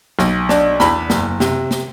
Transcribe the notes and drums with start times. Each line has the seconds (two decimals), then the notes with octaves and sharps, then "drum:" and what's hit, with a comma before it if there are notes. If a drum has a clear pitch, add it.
0.19 B1, drum: snare
0.49 D4, drum: snare
0.80 E2 B5, drum: snare
1.10 F#1, drum: snare
1.40 C3, drum: snare
1.71 drum: snare